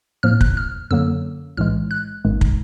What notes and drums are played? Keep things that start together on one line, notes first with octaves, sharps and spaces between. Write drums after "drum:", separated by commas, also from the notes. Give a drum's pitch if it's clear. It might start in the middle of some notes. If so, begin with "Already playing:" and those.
A2 F3 A#3 F6
F#6, drum: kick
F6
F#2 D3 F#3 A#3 E6
B1 A2 E3 G#3 F6
F#6
G#1 G#2 D#3 G#3
drum: kick